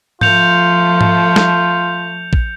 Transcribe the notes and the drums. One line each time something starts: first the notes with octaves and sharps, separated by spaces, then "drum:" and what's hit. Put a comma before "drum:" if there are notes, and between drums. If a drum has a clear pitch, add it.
F3 A3 F4 G6 C#7 F7, drum: tom G#2
drum: tom G#2
drum: snare
drum: kick